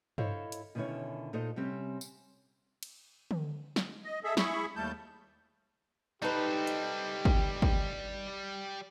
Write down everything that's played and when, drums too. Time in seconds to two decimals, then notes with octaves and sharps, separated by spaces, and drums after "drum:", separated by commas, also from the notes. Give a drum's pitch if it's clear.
0.18 E4 A4 C5 C#5 D#5 F5, drum: tom G2
0.52 drum: hi-hat
0.75 B2 D3 D#3 C#4 E4 C#5
1.33 A#2 D#4 A4 C5 D#5
1.56 C3 G3 C4 C#4
2.01 drum: tambourine
2.83 drum: cymbal
3.31 drum: tom D3
3.76 drum: snare
4.04 D#5
4.24 G#4 A4 E5
4.37 E4 G#4 E5 B5 C#6, drum: snare
4.76 D#2 G3 A3 A5 G6
6.22 G3 D#4 G4 A4 B4 C5
6.67 drum: hi-hat
7.25 drum: kick
7.62 drum: kick